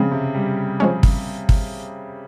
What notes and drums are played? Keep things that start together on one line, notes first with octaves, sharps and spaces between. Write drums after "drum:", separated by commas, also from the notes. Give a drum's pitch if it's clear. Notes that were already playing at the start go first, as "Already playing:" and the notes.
Already playing: C#3 F3 G#3 C4
C3
G3
F3 G#3 C#4
drum: kick
drum: kick